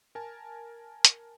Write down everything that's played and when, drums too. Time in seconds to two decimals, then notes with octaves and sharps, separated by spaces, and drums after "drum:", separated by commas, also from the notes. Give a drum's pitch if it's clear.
0.15 A#4 G#5 A5
1.05 drum: hi-hat